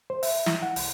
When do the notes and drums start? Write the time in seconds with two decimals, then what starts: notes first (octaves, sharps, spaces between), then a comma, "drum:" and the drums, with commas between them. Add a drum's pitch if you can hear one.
0.10 C5
0.23 E5, drum: open hi-hat
0.46 E4, drum: snare
0.62 F#5
0.76 C2, drum: open hi-hat